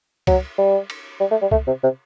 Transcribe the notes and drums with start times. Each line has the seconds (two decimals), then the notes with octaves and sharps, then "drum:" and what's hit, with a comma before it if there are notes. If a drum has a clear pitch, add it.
0.27 F#3, drum: kick C#2, cymbal
0.58 G3
0.90 drum: cymbal
1.20 G3
1.31 A3
1.42 G3
1.51 A3, drum: kick C#2
1.67 C3
1.83 C3